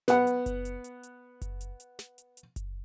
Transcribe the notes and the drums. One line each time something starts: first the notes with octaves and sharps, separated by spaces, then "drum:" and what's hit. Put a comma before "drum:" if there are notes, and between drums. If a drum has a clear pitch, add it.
B3 F#5, drum: snare
drum: hi-hat
drum: kick F#1, hi-hat
drum: hi-hat
drum: hi-hat
drum: hi-hat
drum: kick F#1, hi-hat
drum: hi-hat
drum: hi-hat
drum: snare
drum: hi-hat
drum: hi-hat
drum: kick F#1, hi-hat